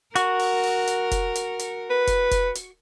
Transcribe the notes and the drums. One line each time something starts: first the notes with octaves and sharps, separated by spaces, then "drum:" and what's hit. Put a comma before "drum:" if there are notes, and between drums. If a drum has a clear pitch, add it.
F#4 A#4 C#6, drum: hi-hat
drum: open hi-hat
drum: open hi-hat
drum: hi-hat
drum: kick F1, hi-hat
drum: hi-hat
drum: hi-hat
B4
drum: kick F1, hi-hat
drum: kick F1, hi-hat
drum: hi-hat